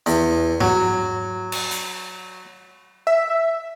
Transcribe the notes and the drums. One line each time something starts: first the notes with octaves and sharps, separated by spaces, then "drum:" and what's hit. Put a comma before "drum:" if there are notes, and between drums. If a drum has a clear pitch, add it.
E2, drum: hi-hat
F#3, drum: tom G#2
drum: cymbal
drum: hi-hat
E5